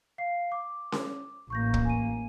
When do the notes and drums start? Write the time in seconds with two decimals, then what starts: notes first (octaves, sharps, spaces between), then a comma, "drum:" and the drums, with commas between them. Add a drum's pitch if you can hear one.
0.18 F5 C7
0.52 D6
0.92 drum: snare C#4
1.50 A1 A#3 C#6 G6 A#6
1.74 drum: kick
1.85 G#5 D#7